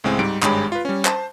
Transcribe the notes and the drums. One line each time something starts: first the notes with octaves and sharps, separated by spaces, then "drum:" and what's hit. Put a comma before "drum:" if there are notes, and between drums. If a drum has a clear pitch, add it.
C#2 A2 G#3 C4 G#5
G#2 G3 D7
G#1 G2 G#3 G4 C#5 B5, drum: clap
F4 B4
G3 C#4
C5 A5, drum: clap